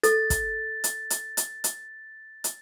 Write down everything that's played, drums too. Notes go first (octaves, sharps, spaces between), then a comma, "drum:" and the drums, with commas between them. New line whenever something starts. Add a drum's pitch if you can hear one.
A4 A6, drum: hi-hat
drum: kick, hi-hat
drum: hi-hat
drum: hi-hat
drum: hi-hat
drum: hi-hat
drum: hi-hat